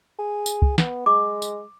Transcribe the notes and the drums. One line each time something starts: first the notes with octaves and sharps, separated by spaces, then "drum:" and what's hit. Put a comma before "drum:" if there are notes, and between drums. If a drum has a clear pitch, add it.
G#4
drum: tambourine
drum: kick
B3, drum: snare
G#3 D6
drum: tambourine